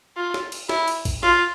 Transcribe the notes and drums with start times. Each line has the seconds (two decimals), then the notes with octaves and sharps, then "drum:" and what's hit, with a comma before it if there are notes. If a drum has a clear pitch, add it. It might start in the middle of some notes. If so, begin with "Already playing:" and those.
0.16 F4
0.34 drum: snare
0.52 drum: cymbal
0.69 E4, drum: snare
0.88 drum: cymbal
1.05 drum: kick, cymbal
1.23 F4, drum: snare